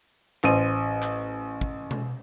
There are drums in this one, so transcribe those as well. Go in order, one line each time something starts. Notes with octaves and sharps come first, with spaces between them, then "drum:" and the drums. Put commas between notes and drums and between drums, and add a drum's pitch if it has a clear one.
A1 C5 D#7, drum: clap
drum: clap
drum: kick
drum: tom B2